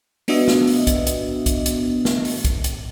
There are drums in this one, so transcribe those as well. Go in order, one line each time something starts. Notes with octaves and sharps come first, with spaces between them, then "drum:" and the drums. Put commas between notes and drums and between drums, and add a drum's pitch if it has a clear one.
B3 D4 F#4 D#5 E5, drum: open hi-hat
drum: snare
drum: open hi-hat
drum: kick, hi-hat
drum: hi-hat
drum: kick, hi-hat
drum: hi-hat
drum: snare
drum: open hi-hat
drum: kick, hi-hat
drum: hi-hat